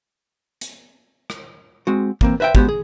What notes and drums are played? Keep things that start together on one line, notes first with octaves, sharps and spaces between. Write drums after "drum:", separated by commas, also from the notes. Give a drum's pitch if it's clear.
drum: hi-hat
drum: rim click
G#3 C4 F#4
E3 A#3 C4, drum: kick
B4 C5 E5 F#5 G5
G#3 B3 F#4 G4 C5, drum: kick
G#4